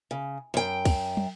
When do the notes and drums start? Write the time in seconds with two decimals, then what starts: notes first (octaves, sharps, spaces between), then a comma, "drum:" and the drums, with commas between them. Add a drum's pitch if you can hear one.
0.11 C#3
0.54 F#2 G5
0.85 drum: kick, cymbal
1.17 drum: tom